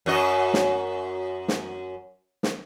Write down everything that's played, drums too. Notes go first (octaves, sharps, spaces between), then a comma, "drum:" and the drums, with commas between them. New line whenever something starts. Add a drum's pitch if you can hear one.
F#2 F#4 D#5
drum: snare
drum: snare
drum: snare